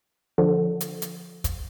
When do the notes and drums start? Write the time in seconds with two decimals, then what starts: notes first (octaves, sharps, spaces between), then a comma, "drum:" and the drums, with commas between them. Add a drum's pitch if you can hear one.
0.38 D3 F3
0.81 drum: hi-hat
1.02 drum: hi-hat
1.44 drum: kick, hi-hat